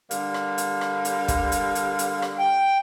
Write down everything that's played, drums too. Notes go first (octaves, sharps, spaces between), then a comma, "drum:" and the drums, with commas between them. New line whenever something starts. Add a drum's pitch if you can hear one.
D3 G3 A#3, drum: hi-hat
drum: rim click
drum: hi-hat
drum: rim click
drum: hi-hat
drum: kick, hi-hat
drum: hi-hat
drum: hi-hat
drum: hi-hat
drum: rim click
G5